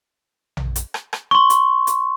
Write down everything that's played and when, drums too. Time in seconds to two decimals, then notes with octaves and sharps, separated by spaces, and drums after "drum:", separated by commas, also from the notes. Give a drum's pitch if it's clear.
0.57 drum: tom A#1
0.76 drum: hi-hat
0.94 drum: rim click
1.13 drum: rim click
1.31 C6 C#6
1.50 drum: hi-hat
1.87 drum: hi-hat